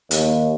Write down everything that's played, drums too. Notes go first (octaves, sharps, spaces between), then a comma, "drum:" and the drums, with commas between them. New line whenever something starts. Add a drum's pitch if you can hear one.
D#2, drum: hi-hat